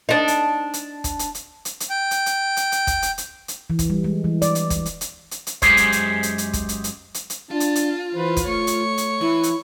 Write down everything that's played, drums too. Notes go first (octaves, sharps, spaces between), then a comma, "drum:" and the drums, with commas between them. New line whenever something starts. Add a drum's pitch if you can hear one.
D4 D#4
drum: hi-hat
drum: hi-hat
drum: kick, hi-hat
drum: hi-hat
drum: hi-hat
drum: hi-hat
drum: hi-hat
G5
drum: hi-hat
drum: hi-hat
drum: hi-hat
drum: hi-hat
drum: kick, hi-hat
drum: hi-hat
drum: hi-hat
drum: hi-hat
E3
drum: kick, hi-hat
G3
G#3
E3
D5, drum: hi-hat
drum: hi-hat
drum: kick, hi-hat
drum: hi-hat
drum: hi-hat
drum: hi-hat
drum: hi-hat
F#2 G#3 G4 G#4 C5, drum: kick, hi-hat
drum: hi-hat
drum: hi-hat
drum: hi-hat
drum: hi-hat
drum: kick, hi-hat
drum: hi-hat
drum: hi-hat
drum: hi-hat
drum: hi-hat
D4 F4 A5
drum: hi-hat
drum: hi-hat
E3 B4 C5
drum: kick, hi-hat
A3 C#5 C#6
drum: hi-hat
drum: hi-hat
E3 E4
drum: hi-hat